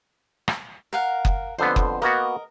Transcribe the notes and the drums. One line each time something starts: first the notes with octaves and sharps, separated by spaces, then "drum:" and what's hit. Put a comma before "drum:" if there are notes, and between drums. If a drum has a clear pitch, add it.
drum: rim click
A#4 F5 F#5
drum: kick F#1
F2 D3 B3 C5
drum: kick F#1
A#3 B3 F#4 A#4 D#5